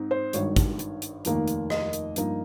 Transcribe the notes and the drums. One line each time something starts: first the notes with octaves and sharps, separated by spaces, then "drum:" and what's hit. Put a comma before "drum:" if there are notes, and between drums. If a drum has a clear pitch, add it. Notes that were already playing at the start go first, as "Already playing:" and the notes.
Already playing: G#2 C4 D#4
C5
G#1 G2 D#3 C#5, drum: hi-hat
drum: kick, hi-hat
drum: hi-hat
drum: hi-hat
F1 D#2 D#3 A#3 D#4, drum: hi-hat
drum: hi-hat
D#5, drum: rim click
drum: hi-hat
G2 F3 A#3 D#4, drum: hi-hat